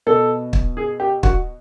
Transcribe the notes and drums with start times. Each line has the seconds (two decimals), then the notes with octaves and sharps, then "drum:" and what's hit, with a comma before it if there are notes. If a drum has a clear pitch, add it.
0.07 B2 A4
0.53 drum: kick
0.77 G#4
1.00 G4
1.23 F#4, drum: kick